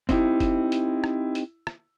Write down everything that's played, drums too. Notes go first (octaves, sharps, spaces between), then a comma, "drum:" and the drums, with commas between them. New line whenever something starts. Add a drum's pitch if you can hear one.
C4 D#4 E4 G4, drum: kick, hi-hat
drum: kick, hi-hat
drum: hi-hat
drum: rim click
drum: hi-hat
drum: rim click